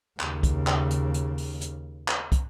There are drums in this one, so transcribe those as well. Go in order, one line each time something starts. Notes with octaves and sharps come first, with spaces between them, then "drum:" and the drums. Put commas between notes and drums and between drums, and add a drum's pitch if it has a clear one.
D#2 C#3, drum: clap
drum: kick, hi-hat
drum: clap
drum: hi-hat
drum: hi-hat
drum: open hi-hat
drum: hi-hat
drum: clap
drum: kick, hi-hat